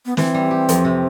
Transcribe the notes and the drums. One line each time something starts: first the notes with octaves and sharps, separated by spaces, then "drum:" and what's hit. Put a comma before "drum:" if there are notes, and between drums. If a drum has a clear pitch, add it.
B3
E3 C4, drum: snare
G3
G4
F2, drum: hi-hat
C3